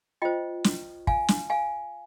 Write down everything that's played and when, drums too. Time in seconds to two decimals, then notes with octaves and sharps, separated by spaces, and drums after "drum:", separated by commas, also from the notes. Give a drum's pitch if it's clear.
0.22 F4 C5 D#5 G5
0.64 drum: snare
1.07 F5 G#5, drum: kick
1.28 drum: snare
1.50 F5 G#5